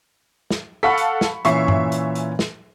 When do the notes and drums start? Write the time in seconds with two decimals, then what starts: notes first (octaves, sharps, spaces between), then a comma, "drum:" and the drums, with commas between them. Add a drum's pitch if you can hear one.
0.51 drum: snare
0.83 A4 F5 F#5 B5 C#6 B6
0.98 drum: hi-hat
1.21 drum: snare
1.45 A#2 E3 C#4 E5 C#6 C7, drum: hi-hat
1.68 drum: tom G2
1.92 drum: hi-hat
2.15 drum: hi-hat
2.39 drum: snare